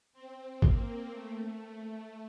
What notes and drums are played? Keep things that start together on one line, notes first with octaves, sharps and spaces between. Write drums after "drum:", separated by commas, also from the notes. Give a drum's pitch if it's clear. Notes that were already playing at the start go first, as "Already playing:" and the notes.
C4
A#3, drum: kick G#1
A3
A3